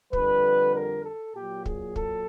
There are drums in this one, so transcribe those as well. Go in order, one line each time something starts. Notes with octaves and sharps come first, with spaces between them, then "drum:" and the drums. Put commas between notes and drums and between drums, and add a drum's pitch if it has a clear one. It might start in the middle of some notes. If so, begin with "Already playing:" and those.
F2 D3 G3 B4, drum: kick
A#4
A4
A#2 F#3 G4
G#4, drum: kick
A4, drum: kick